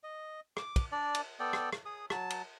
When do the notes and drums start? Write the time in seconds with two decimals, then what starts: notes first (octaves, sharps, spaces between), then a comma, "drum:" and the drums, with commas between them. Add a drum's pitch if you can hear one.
0.03 D#5
0.57 D6, drum: rim click
0.76 drum: kick, cymbal
0.92 D4 D5
1.15 drum: cymbal
1.40 B3 A4 D5 G5
1.53 drum: rim click
1.73 drum: rim click
1.85 G#4 D#6
2.10 F#3 A5, drum: rim click
2.30 drum: cymbal